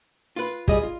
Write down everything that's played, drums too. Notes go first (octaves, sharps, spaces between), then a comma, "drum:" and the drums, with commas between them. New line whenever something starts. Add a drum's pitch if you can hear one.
F4 B4
G3 G#4 D#5, drum: kick
F4